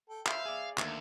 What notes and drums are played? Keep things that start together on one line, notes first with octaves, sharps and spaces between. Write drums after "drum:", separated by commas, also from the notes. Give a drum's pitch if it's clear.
A4 G5
C5 E5 F5 B5, drum: clap
G#4 D5
D2 D#3 A#3 E5, drum: clap